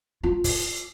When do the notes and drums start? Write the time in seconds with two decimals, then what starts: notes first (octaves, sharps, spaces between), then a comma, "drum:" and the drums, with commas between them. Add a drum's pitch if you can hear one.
0.24 F4
0.44 drum: kick, open hi-hat